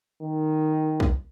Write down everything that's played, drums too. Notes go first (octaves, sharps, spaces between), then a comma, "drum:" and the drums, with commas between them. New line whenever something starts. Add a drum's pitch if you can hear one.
D#3
drum: kick